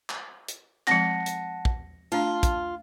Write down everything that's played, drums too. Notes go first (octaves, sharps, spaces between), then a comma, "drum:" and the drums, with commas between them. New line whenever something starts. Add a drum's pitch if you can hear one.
drum: clap
drum: hi-hat
F3 G#3 C4 F#5 A5 A#6 C#7, drum: clap
drum: hi-hat
drum: kick
A3 D4 F4 A5
drum: kick, hi-hat